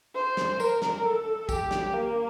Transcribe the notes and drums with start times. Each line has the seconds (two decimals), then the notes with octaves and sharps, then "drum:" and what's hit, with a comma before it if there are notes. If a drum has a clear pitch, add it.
0.15 C5
0.37 drum: snare
0.60 A#4, drum: tambourine
0.82 drum: snare
1.04 A4
1.49 G4, drum: kick, tambourine
1.71 drum: snare
1.93 A#3